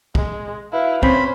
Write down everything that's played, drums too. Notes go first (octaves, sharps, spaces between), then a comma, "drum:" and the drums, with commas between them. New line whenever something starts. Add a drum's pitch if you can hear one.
G#3, drum: kick
E4 F#4 B4 F5
C4 C#4 C5 B5, drum: kick